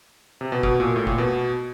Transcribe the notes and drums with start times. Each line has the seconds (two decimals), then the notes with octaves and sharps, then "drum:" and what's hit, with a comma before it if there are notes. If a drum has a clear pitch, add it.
0.41 C3
0.52 B2
0.63 B2, drum: kick
0.80 A#2
0.96 A2
1.07 A#2, drum: kick
1.18 B2